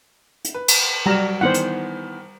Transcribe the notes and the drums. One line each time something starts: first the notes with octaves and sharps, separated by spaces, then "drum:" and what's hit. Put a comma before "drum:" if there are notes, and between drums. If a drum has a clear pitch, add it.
drum: hi-hat
B4
drum: cymbal
F#3 G3 A#5 F6 E7
D#3 E3 B3 C5 F#5
drum: hi-hat